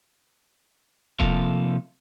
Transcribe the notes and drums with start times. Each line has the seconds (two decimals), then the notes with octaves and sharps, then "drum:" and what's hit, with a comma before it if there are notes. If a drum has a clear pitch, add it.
1.19 C3 F3 A#3 A4 F5, drum: kick E1